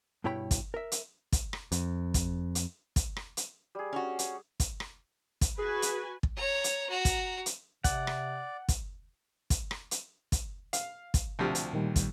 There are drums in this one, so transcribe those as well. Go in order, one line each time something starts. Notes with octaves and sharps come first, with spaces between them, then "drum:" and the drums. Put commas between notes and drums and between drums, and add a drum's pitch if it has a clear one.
G2 B2 E4 C#5 G5 B5
drum: kick, hi-hat
A#4 E5
drum: hi-hat
drum: kick, hi-hat
drum: rim click
F2, drum: hi-hat
drum: kick, hi-hat
drum: hi-hat
drum: kick, hi-hat
drum: rim click
drum: hi-hat
G3 G#4
C#4 F#4
drum: hi-hat
drum: kick, hi-hat
drum: rim click
drum: kick, hi-hat
F#4 G#4 B4 G#5
drum: hi-hat
drum: kick
C#5 A#5
drum: hi-hat
F#4 A#5
drum: kick, hi-hat
drum: hi-hat
C3 D5 F#5, drum: kick, hi-hat
drum: rim click
drum: kick, hi-hat
drum: kick, hi-hat
drum: rim click
drum: hi-hat
drum: kick, hi-hat
F5, drum: hi-hat
drum: kick, hi-hat
D2 C3 F3
drum: hi-hat
A#2 D#3 G3
drum: kick, hi-hat